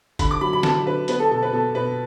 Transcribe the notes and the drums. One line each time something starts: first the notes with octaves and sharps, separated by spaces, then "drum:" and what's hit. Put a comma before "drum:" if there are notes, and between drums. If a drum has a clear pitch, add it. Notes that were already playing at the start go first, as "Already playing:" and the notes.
D3 B5, drum: kick, hi-hat
D6
F#3 B5
B5
D3 A5, drum: snare
D3 B4
B3 B4, drum: hi-hat
A4
B2 A4
B4
B2 A4
B2 B4